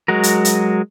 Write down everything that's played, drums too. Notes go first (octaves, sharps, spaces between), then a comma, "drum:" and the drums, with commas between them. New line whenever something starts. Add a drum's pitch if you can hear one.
F#3 G#3 F#4 A#4
drum: hi-hat
drum: hi-hat